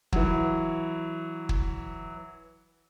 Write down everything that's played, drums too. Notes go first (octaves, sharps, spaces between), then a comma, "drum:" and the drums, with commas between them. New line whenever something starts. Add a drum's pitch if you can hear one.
E3 F#3, drum: kick
drum: kick